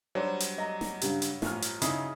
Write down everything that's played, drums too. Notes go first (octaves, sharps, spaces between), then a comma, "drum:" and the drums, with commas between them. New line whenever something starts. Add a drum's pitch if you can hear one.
F#3 G3 D4 C5 C#5
drum: hi-hat
D#5 A#5 A#6
drum: snare
G2 C#3 G4, drum: hi-hat
drum: hi-hat
A1 F3 F6, drum: snare
drum: hi-hat
C#3 D#4 E4, drum: hi-hat